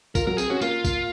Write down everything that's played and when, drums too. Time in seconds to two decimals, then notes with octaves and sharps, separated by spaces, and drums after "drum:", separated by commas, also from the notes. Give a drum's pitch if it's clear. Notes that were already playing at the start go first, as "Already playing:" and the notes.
0.15 F4 A#4, drum: kick, tambourine
0.27 F#3 A#4
0.38 C4 G#4, drum: tambourine
0.50 C#4 F#4
0.61 A#3 F4, drum: tambourine
0.84 drum: kick, tambourine